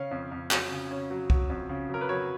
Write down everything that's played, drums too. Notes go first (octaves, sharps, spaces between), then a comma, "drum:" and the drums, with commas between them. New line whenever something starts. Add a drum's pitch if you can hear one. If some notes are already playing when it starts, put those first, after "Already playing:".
Already playing: C#3 C#4 F5
F2
F2
F#3, drum: clap
C#3
C#4
F#3
F#3, drum: kick
F2
C#3
F#3 A#4
B4
F#3 C#5